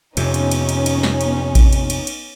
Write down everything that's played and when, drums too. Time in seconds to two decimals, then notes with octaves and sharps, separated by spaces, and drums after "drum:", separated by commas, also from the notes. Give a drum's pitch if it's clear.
0.17 F2 C3 B3 C#4 D#4, drum: cymbal
0.34 drum: cymbal
0.51 drum: cymbal
0.69 drum: cymbal
0.86 drum: cymbal
1.03 drum: snare
1.21 drum: cymbal
1.55 drum: kick A1, cymbal
1.73 drum: cymbal
1.90 drum: cymbal
2.07 drum: cymbal